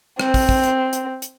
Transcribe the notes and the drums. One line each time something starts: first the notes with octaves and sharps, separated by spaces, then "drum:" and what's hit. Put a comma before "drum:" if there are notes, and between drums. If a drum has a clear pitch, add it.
C4, drum: rim click
drum: kick, open hi-hat
drum: kick
drum: hi-hat
drum: hi-hat
drum: hi-hat